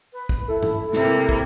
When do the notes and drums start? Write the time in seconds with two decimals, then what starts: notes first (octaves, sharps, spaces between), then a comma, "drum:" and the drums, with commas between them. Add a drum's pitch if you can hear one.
0.13 B4
0.29 drum: kick
0.48 E4 A4
0.63 drum: tom G2
0.93 C3 A#3 E4, drum: snare
1.29 drum: kick